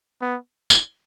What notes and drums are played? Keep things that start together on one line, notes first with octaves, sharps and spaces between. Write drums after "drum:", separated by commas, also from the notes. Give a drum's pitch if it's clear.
B3
drum: tambourine